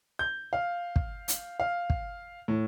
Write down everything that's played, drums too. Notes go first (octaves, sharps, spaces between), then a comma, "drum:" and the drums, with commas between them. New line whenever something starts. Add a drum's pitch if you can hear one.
G6
F5
drum: kick
drum: hi-hat
F5
drum: kick
A2